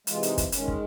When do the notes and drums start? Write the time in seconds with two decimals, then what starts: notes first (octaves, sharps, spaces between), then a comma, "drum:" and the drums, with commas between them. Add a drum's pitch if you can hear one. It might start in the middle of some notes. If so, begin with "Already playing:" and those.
0.07 C3 E3 G#3 F4, drum: hi-hat
0.23 D#4, drum: hi-hat
0.38 drum: kick, hi-hat
0.52 D#3 G#3 C#4, drum: hi-hat
0.68 drum: kick